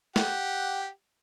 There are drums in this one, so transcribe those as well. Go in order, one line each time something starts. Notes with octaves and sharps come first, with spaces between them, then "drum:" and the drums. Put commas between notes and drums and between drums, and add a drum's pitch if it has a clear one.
G4 F#5, drum: snare